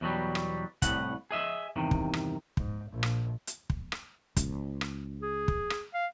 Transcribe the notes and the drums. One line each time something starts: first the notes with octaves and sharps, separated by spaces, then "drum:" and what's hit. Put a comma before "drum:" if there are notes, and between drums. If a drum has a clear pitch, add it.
E2 B2 F#3 G3
drum: rim click
C2 A2 G3 F#5, drum: kick, hi-hat
G#4 D#5 E5
E2 G2 C3 D#3
drum: kick
drum: rim click
G#2, drum: kick
A#1
drum: rim click
drum: hi-hat
drum: kick
drum: rim click
C#2, drum: kick, hi-hat
drum: rim click
G#4
drum: kick
drum: rim click
F5